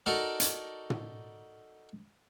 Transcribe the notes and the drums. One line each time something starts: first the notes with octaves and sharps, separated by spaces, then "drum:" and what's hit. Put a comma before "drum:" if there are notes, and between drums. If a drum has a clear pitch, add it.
D#4 F#4 A4 A#4 D5
drum: hi-hat
drum: tom